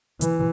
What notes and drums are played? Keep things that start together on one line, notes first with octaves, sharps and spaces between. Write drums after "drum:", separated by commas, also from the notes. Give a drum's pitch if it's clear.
E3, drum: hi-hat